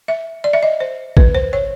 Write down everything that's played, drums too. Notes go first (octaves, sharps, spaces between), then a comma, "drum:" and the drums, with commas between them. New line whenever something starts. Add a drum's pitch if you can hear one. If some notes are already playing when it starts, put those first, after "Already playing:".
E5
D5
E5
D#5
C5
B4, drum: kick A1
C5
C#5